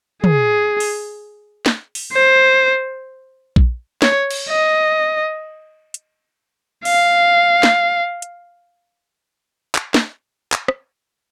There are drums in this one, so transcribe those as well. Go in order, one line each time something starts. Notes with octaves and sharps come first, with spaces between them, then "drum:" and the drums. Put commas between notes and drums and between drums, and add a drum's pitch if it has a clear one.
G#4, drum: tom
drum: open hi-hat
drum: snare
drum: open hi-hat
C5
drum: kick A#1
C#5, drum: snare
drum: cymbal
D#5
drum: hi-hat
F5, drum: open hi-hat
drum: snare
drum: hi-hat
drum: clap
drum: snare
drum: clap
drum: rim click